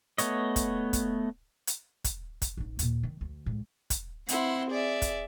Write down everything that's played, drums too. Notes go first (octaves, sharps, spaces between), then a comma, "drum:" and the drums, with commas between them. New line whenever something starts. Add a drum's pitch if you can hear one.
A3 B3 C#5 D#5, drum: hi-hat
drum: kick, hi-hat
drum: kick, hi-hat
drum: hi-hat
drum: kick, hi-hat
drum: kick, hi-hat
A1 D#4
D#2 A#2, drum: hi-hat
D#3
D2
C#2 A2
drum: kick, hi-hat
C4 E4 F#5 C6, drum: hi-hat
G#4 D5 E5
drum: kick, hi-hat